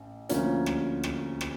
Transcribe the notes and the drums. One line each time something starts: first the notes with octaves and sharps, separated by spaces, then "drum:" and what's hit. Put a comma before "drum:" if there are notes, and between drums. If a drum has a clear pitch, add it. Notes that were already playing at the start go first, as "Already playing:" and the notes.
Already playing: A1
D2 D3 F3 A#3 C#4, drum: hi-hat
drum: rim click
drum: rim click
drum: rim click